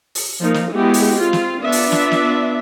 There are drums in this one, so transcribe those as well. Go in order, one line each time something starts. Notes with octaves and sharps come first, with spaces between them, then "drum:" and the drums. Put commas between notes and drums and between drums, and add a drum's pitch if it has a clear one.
drum: open hi-hat
F3 A#3 D#4
drum: snare
G#3 B3 E4 F#4 G4
drum: open hi-hat
C4 F4
drum: snare
B3 D4 F4 E5
drum: open hi-hat
drum: snare
drum: snare